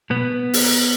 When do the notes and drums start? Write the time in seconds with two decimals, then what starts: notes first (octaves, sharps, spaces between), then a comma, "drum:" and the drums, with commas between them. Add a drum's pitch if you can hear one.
0.10 B2 B3
0.54 drum: open hi-hat